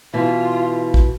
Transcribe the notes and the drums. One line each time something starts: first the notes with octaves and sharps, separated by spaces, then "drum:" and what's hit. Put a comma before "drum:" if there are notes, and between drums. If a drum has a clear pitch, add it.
B2 E3 F4
drum: kick